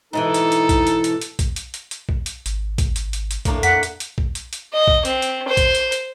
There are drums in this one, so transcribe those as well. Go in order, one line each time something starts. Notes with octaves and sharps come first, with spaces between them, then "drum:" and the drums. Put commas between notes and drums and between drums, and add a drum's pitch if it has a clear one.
G#2 B2 E3 D#4 A4
drum: hi-hat
drum: hi-hat
drum: kick A#1, hi-hat
drum: hi-hat
drum: hi-hat
drum: hi-hat
drum: kick A#1, hi-hat
drum: hi-hat
drum: hi-hat
drum: hi-hat
drum: kick A#1
drum: hi-hat
G#1, drum: hi-hat
drum: kick A#1, hi-hat
drum: hi-hat
drum: hi-hat
drum: hi-hat
A2 A#3 D4, drum: kick A#1, hi-hat
F2 F#5 B6, drum: hi-hat
drum: hi-hat
drum: hi-hat
drum: kick A#1
drum: hi-hat
drum: hi-hat
D#5
drum: kick A#1
C4, drum: hi-hat
drum: hi-hat
C5
drum: kick A#1, hi-hat
drum: hi-hat
drum: hi-hat